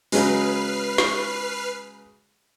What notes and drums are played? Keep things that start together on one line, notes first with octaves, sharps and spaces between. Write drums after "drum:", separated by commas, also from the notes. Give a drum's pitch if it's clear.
C#3 F#3 G#3 B4 F6 C7, drum: open hi-hat
drum: snare